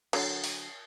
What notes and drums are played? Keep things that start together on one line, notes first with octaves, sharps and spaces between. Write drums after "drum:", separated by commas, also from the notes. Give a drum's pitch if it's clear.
D3 F#3, drum: cymbal
drum: open hi-hat